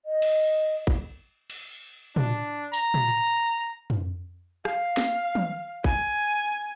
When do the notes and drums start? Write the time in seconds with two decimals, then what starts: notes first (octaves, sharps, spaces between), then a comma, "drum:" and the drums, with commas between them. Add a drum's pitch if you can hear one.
0.06 D#5
0.22 drum: cymbal
0.87 drum: kick
1.50 drum: cymbal
2.16 D4, drum: tom
2.73 A#5, drum: tambourine
2.94 drum: tom
3.90 drum: tom
4.65 F5, drum: rim click
4.97 drum: snare
5.35 drum: tom
5.84 G#5, drum: kick